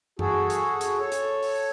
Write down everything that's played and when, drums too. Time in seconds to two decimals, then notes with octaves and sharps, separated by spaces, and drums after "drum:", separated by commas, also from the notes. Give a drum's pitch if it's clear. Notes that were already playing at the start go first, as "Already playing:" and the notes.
0.19 F#4 G#4 A4, drum: tom F#2
0.50 drum: hi-hat
0.81 drum: hi-hat
1.00 A4 C#5
1.12 drum: hi-hat
1.43 drum: open hi-hat